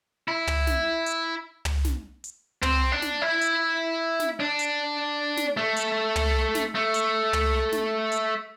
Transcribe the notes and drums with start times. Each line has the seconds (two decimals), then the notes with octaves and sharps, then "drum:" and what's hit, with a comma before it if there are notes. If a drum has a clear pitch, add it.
0.28 E4
0.47 drum: tom
0.67 drum: snare
1.06 drum: hi-hat
1.65 drum: tom
1.85 drum: snare
2.24 drum: hi-hat
2.62 C4, drum: tom
2.92 D4
3.02 drum: snare
3.22 E4
3.41 drum: hi-hat
4.20 drum: snare
4.40 D4
4.59 drum: hi-hat
5.37 drum: snare
5.57 A3
5.76 drum: hi-hat
6.16 drum: tom
6.55 drum: snare
6.75 A3
6.94 drum: hi-hat
7.33 drum: tom
7.72 drum: snare
8.12 drum: hi-hat